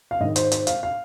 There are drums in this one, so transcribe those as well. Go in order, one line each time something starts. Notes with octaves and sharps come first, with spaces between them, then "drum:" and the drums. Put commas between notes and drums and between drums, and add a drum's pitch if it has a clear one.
F5
G#2 D#3 D#5
C5, drum: hi-hat
C5, drum: hi-hat
F5, drum: hi-hat
F5